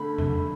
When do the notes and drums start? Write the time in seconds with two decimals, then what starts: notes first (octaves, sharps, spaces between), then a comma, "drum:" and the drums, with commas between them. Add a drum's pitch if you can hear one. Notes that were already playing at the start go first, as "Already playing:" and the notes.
Already playing: D3 A3 B5
0.18 drum: tom E2